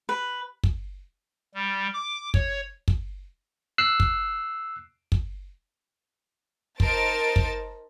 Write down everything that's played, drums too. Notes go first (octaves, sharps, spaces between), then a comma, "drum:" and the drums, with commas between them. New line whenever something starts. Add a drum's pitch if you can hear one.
B4
drum: kick
G3
D6
C#5, drum: kick
drum: kick
E6 F#6 C7
drum: kick
drum: kick
D#4 A#4 C5 A5 A6 D7, drum: kick
drum: kick